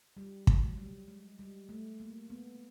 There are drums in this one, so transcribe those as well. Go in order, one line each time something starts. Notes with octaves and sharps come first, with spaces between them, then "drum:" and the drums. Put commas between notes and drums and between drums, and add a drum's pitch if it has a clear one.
G3
F#3, drum: kick
G3
G#3
G3
A3
A#3
B3